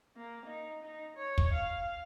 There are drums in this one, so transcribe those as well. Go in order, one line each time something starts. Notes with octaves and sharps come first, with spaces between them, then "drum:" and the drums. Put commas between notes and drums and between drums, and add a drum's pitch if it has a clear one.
A#3
D#4
D#4
C#5
drum: kick
F5